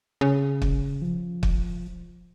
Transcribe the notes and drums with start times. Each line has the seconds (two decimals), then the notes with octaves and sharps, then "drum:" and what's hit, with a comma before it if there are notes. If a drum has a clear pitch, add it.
0.21 C#3
0.62 drum: kick
1.02 F3
1.43 drum: kick